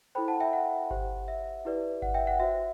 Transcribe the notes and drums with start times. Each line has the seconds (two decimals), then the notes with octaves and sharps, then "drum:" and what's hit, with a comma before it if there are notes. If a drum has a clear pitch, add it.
0.15 E4 A4 C5 G5 B5
0.28 F#5 A5
0.40 E5 G5
0.53 F#5
0.91 G4 C5, drum: kick G1
1.28 E5
1.65 E4 G4 B4 D5
2.02 F#5, drum: kick G1
2.14 E5 G5
2.27 F#5
2.40 F#4 C5 E5